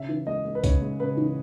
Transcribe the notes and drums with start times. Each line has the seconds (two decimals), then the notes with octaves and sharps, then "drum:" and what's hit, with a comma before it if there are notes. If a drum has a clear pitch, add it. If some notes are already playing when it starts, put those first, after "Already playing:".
Already playing: C#3 E5
0.09 E3
0.27 G#3 D#5
0.45 G#3
0.55 B4
0.64 C#3 C#5, drum: kick, hi-hat
0.82 G#3
1.00 C#3 B4
1.17 E3